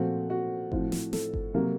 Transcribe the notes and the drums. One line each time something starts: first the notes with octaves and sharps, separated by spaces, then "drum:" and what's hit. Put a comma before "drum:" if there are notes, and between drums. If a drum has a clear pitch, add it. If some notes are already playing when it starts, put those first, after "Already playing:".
Already playing: A#2 F3 A3 C4 F#4
F#4
A2 F3 C4, drum: kick G1
drum: snare
A4, drum: snare
drum: kick G1
C3 F#3 A#3